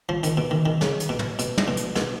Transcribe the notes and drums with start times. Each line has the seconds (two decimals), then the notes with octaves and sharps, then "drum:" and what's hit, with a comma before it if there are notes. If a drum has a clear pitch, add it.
0.09 F3
0.23 D#3, drum: hi-hat
0.37 B2
0.51 D#3
0.66 D#3
0.81 C#3, drum: snare
1.00 drum: hi-hat
1.09 B2
1.19 drum: tom
1.39 B2, drum: hi-hat
1.58 drum: tom
1.68 B2
1.77 drum: hi-hat
1.96 B2, drum: snare